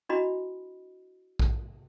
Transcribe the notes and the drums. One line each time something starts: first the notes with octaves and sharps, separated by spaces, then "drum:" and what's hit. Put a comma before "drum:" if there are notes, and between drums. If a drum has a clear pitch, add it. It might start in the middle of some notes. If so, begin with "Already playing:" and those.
D4 E4 F#4 D#5 B5
drum: kick A#1